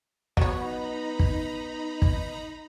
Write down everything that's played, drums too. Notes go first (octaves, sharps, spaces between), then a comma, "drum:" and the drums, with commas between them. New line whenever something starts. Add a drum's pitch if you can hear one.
F#3 B3 D#4 C#5 A#5 B5, drum: kick
drum: kick
drum: kick